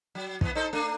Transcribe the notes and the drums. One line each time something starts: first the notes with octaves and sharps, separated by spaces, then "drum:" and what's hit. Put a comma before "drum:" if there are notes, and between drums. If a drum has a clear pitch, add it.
F#3
E3 B3, drum: kick
D#4 A4 C5
A3 D4